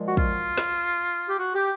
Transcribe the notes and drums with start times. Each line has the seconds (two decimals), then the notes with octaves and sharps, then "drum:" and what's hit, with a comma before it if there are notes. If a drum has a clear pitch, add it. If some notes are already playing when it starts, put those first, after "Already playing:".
Already playing: A#2 F3 G#3
0.08 F#4
0.17 F4, drum: kick
0.58 drum: snare
1.29 G4
1.39 F#4
1.54 G4